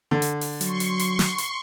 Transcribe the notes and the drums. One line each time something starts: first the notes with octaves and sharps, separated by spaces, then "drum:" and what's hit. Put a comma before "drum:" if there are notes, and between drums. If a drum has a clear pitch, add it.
D3
drum: hi-hat
drum: open hi-hat
F#3 C6 C#6, drum: hi-hat
drum: hi-hat
drum: hi-hat
drum: snare
drum: hi-hat